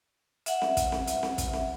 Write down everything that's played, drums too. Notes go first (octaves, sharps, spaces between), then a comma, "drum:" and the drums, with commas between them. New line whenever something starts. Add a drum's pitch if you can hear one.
E5 F#5, drum: hi-hat
drum: snare C4
drum: kick, hi-hat
drum: snare C4
drum: hi-hat
drum: snare C4
drum: kick, hi-hat
drum: snare C4